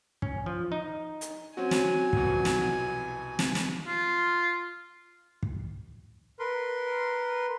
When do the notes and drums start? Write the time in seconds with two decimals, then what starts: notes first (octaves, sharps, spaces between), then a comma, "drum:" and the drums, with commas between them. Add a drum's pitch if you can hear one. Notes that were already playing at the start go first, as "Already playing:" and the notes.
0.22 C#4, drum: kick
0.46 F3
0.72 D#4
1.21 drum: hi-hat
1.57 F#3 C4 C#4 F#4 G#5
1.71 drum: snare
2.13 C2 F2 B2, drum: kick
2.45 drum: snare
3.39 drum: snare
3.55 drum: snare
3.87 F4
5.43 drum: kick
6.39 A#4 B4 C6